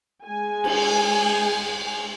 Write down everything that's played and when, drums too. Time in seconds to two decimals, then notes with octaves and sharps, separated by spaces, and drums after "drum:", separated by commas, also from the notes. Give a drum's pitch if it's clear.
0.24 G#3 G#5
0.64 drum: cymbal